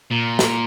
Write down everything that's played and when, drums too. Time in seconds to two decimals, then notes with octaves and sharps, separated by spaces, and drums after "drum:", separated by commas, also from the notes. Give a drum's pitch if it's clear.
0.11 A#2
0.39 drum: snare